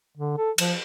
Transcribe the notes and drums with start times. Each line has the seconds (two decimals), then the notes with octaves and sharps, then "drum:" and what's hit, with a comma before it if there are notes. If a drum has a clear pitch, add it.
0.17 D3
0.37 A4
0.58 F3, drum: cymbal